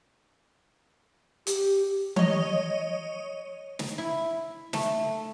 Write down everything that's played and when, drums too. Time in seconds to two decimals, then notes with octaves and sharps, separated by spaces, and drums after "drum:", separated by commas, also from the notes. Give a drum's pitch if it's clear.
1.47 G4, drum: hi-hat
2.16 C#5 D#5, drum: tom E3
3.79 drum: snare
3.98 E4
4.73 A3, drum: snare